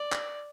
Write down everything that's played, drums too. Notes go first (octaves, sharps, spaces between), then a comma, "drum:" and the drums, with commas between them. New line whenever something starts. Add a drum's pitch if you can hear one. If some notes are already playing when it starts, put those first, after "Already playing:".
Already playing: D5
drum: clap